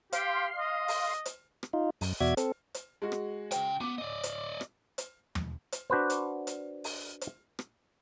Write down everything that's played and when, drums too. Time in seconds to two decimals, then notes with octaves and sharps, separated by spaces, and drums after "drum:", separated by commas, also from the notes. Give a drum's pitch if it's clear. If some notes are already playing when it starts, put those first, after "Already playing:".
0.13 G4 F5 C6, drum: hi-hat
0.56 D#5
0.88 drum: open hi-hat
1.25 drum: hi-hat
1.63 drum: rim click
1.73 D#4 F4
2.01 F#2, drum: open hi-hat
2.20 E2 B2 F#4 D5 E5 G#6
2.37 C4 A4, drum: hi-hat
2.74 drum: hi-hat
3.02 G#3 F#4
3.12 drum: rim click
3.51 C#3 G5, drum: hi-hat
3.81 B3 D6
3.98 D5 D#5
4.23 drum: hi-hat
4.61 drum: rim click
4.98 drum: hi-hat
5.35 drum: tom
5.72 drum: hi-hat
5.90 D4 F#4 B4 C5
6.10 drum: hi-hat
6.47 drum: hi-hat
6.84 drum: open hi-hat
7.21 drum: hi-hat
7.59 drum: rim click